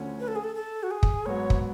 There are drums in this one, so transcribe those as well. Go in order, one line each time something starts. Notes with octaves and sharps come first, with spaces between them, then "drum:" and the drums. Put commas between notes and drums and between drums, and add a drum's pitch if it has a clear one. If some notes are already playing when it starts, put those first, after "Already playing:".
Already playing: D2 D3 F3 A3 C#4
B4
A4
G#4
A4
A4
F#4
G#4
drum: kick
G#2 F#3 B3 C#5
drum: kick